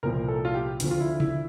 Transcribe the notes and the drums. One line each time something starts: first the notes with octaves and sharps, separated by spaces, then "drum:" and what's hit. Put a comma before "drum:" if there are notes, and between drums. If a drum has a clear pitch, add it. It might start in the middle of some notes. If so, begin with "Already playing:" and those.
C2 A#2 F3 A#4
A4
F4
G4
D2 D3 F3, drum: hi-hat
F4
E4
E4, drum: tom C3